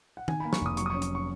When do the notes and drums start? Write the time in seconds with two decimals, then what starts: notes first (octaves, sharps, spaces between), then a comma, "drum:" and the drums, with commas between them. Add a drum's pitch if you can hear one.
0.17 F#5
0.28 D#3 G#5, drum: tom D#3
0.40 B5
0.45 A#3
0.53 C#6, drum: snare
0.61 F1 D#6
0.77 F#3 C#6, drum: hi-hat
0.86 D#6
0.90 C#6
0.94 C#4
1.02 C#6, drum: hi-hat
1.15 C#6